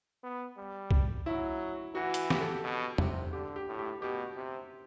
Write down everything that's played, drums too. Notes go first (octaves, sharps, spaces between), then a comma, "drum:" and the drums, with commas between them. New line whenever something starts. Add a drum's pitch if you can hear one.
B3
G3
drum: kick
F#3 E4
E3 F#4
drum: hi-hat
G4, drum: snare
A4
G4
B2
C3 G4, drum: tom
D3 G4
G4
A2
G4
B2 G4
C3